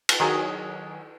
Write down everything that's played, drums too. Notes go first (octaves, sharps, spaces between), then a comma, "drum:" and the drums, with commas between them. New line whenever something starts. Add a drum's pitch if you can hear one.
drum: cymbal
D#3 F#3 G#4